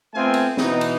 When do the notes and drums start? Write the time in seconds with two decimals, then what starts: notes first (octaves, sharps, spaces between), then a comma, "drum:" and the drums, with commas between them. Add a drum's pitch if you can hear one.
0.14 A3 B3 C4 F4 G#5
0.34 drum: cymbal
0.57 B2 E3 D#4, drum: snare
0.81 drum: cymbal